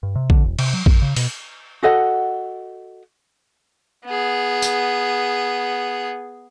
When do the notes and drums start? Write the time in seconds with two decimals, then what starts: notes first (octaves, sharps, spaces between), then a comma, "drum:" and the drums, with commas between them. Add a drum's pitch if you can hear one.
0.03 G2
0.15 C3
0.30 D3, drum: kick
0.44 E1
0.59 C3, drum: cymbal
0.73 F#3
0.86 F#2, drum: kick
1.02 C#3
1.16 B2, drum: open hi-hat
1.83 F#4 A4 D#5 F#5
4.06 B3 G#4
4.62 drum: tambourine